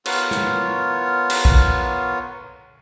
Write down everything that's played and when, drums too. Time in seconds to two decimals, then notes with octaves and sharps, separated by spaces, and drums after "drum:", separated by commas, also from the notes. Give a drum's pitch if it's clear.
0.06 B3 F4 A#4 C#5, drum: cymbal
0.31 drum: snare
1.30 drum: cymbal
1.45 drum: kick A1